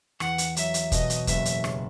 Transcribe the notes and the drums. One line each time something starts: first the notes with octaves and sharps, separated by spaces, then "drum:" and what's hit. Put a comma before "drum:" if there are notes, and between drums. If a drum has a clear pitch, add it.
E2 F#5, drum: rim click
drum: hi-hat
F#3 E5, drum: hi-hat
drum: hi-hat
B2 D#5, drum: kick, hi-hat
drum: hi-hat
F#1 E5, drum: kick, hi-hat
drum: hi-hat
C#3, drum: rim click